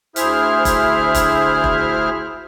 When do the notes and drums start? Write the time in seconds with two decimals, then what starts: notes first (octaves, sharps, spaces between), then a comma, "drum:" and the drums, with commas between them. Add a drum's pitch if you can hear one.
0.16 D2 E4 G#4 C5 E5 F6, drum: hi-hat
0.65 drum: kick, hi-hat
1.14 drum: kick, hi-hat
1.64 drum: kick